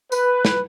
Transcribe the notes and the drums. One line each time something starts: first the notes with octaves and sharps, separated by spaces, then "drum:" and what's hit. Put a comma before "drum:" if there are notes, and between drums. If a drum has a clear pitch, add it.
B4, drum: tambourine
drum: snare